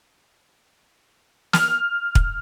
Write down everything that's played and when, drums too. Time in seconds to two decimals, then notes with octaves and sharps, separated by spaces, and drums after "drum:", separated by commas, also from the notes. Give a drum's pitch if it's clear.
1.53 F6, drum: snare
2.15 drum: kick